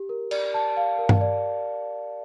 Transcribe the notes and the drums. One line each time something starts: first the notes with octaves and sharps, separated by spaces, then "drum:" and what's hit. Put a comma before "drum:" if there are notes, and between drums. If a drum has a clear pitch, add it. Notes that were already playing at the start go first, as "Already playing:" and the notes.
Already playing: G4
A#4
D5, drum: cymbal
A5
F5
A#4
drum: tom G2
D5